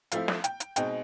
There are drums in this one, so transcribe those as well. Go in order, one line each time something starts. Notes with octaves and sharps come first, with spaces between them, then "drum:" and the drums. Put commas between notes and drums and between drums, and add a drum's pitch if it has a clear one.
F3 A3 C4 E4 F5, drum: hi-hat
drum: snare
G5, drum: hi-hat
drum: hi-hat
B2 G#3 C4 D#4 G5, drum: hi-hat